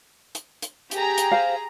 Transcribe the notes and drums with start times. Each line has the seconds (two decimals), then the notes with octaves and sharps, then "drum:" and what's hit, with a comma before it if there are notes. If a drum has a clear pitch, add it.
0.35 drum: hi-hat
0.62 drum: hi-hat
0.91 G4 G#4 A#5, drum: hi-hat
1.18 drum: hi-hat
1.31 C5 F5